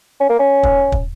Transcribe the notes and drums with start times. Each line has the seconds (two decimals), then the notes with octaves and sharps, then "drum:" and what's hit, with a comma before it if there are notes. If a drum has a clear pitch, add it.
0.20 C#4
0.30 A#3
0.39 C#4
0.63 drum: kick
0.92 drum: kick